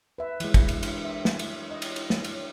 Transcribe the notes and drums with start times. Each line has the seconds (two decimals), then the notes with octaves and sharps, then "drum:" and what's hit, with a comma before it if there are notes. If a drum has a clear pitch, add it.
0.18 B4 E5
0.40 E3 G#3, drum: cymbal
0.54 drum: kick, cymbal
0.68 drum: cymbal
0.83 drum: cymbal
1.05 E5
1.25 drum: snare
1.39 drum: cymbal
1.71 D#5
1.82 drum: cymbal
1.96 drum: cymbal
2.10 drum: snare
2.24 drum: cymbal